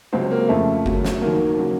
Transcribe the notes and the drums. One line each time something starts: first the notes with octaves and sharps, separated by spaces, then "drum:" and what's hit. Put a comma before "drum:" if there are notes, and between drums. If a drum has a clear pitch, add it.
C#2 C3 F#3 C4
A#3
F2 C#3 F3 A3
F#2 C#3 F#3, drum: kick G1
drum: snare
D#2 D#3 F#3 A#3
C#3 F#3